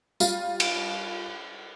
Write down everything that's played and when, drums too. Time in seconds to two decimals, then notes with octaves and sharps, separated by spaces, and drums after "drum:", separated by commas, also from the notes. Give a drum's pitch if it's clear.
0.20 G3 F4, drum: tambourine
0.60 drum: cymbal